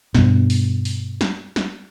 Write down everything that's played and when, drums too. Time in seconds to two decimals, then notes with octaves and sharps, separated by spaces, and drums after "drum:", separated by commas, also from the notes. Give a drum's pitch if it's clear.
0.15 G2 B2, drum: snare
0.50 drum: open hi-hat
0.85 drum: open hi-hat
1.21 drum: snare
1.56 drum: snare